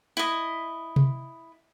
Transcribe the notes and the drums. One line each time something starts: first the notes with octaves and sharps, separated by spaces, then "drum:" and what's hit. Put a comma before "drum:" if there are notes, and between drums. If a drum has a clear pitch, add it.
E4 D#5
drum: tom C3